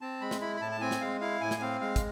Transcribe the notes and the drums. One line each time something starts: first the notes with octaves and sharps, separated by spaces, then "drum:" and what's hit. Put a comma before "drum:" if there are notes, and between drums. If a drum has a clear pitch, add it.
C4 A5
G#3 B5
drum: snare
E4 B5
B5
A2 A5
A5
C4 G#5
drum: snare
G#3 F5
E4 F5
A2 G#5
drum: snare
C4 F5
G#3 F5
drum: kick, hi-hat